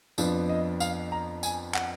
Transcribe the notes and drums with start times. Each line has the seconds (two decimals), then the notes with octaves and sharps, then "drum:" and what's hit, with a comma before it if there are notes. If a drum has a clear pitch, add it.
0.18 F2 F3 B3 D4, drum: tambourine
0.49 D#5
0.80 F5, drum: tambourine
1.12 A#5
1.43 G#5, drum: tambourine
1.74 F#5, drum: clap